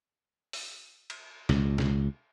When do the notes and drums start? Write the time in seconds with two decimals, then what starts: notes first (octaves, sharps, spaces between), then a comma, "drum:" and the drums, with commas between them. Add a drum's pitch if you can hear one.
0.53 drum: open hi-hat
1.10 drum: cymbal
1.49 C#2, drum: snare
1.78 drum: snare